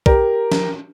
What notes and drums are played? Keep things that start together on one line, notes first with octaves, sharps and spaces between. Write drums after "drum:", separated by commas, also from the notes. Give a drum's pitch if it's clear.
G4 A#4, drum: kick
drum: snare